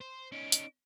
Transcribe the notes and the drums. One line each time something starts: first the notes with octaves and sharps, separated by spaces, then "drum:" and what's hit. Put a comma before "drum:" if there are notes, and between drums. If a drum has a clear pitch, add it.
C5
C#4 D#4 D7
drum: hi-hat